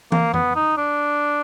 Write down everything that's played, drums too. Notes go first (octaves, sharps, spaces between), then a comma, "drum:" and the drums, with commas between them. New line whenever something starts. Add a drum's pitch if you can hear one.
A#3, drum: tom
B3, drum: tom F2
D#4
D4